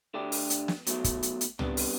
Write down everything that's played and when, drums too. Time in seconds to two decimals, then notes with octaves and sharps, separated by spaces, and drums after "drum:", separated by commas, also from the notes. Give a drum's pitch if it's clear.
0.14 D3 A3 D4 G4
0.32 drum: open hi-hat
0.50 drum: hi-hat
0.68 drum: snare
0.87 B2 F#3 A3, drum: hi-hat
1.04 drum: kick, hi-hat
1.23 drum: hi-hat
1.41 drum: hi-hat
1.59 C3 G3 B3 D4, drum: tom
1.77 drum: open hi-hat